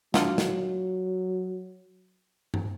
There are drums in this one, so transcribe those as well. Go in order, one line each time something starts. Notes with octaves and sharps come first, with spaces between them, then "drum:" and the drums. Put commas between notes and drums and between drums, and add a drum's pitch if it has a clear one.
F#3 D4 F4 F#5, drum: snare
drum: snare
drum: tom G2